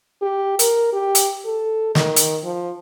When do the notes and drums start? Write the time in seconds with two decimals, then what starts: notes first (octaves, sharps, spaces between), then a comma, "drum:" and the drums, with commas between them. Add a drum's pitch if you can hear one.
0.22 G4
0.59 A#4, drum: hi-hat
0.93 G4
1.15 drum: hi-hat
1.46 A4
1.95 D#3, drum: snare
2.16 drum: hi-hat
2.44 F3